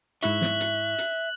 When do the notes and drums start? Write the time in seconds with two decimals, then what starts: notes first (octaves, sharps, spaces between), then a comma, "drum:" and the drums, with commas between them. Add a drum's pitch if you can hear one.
0.23 G#2 E4 E5 C#6 F#6, drum: hi-hat
0.41 drum: snare
0.60 drum: hi-hat
0.98 drum: hi-hat